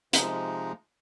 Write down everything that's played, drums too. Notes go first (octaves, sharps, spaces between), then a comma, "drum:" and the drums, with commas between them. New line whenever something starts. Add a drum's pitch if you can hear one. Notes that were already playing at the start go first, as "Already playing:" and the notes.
C3 F3 G#3 D#4, drum: hi-hat